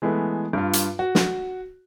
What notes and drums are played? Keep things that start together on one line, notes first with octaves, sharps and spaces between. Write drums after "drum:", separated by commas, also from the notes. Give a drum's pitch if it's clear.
E3 G#3 A3 B3
G2 F4
drum: hi-hat
F#4
drum: snare